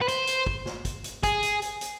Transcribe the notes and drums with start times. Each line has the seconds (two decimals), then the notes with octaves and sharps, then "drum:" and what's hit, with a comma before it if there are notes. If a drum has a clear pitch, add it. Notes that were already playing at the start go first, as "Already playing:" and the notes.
0.01 B4
0.08 C5, drum: hi-hat
0.27 drum: hi-hat
0.46 drum: kick
0.66 drum: snare
0.85 drum: kick, hi-hat
1.04 drum: hi-hat
1.23 G#4, drum: kick, hi-hat
1.43 drum: hi-hat
1.62 drum: hi-hat
1.81 drum: hi-hat